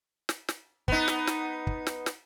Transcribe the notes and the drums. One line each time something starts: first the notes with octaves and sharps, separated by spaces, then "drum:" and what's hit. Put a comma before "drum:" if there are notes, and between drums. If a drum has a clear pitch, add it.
drum: snare
drum: snare
B3 D#4, drum: kick
drum: snare
drum: snare
drum: kick
drum: snare
drum: snare